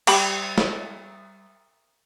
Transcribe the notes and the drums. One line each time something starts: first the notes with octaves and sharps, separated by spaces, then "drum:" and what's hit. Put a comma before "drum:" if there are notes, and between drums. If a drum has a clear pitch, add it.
G3 G4 B5, drum: cymbal
drum: snare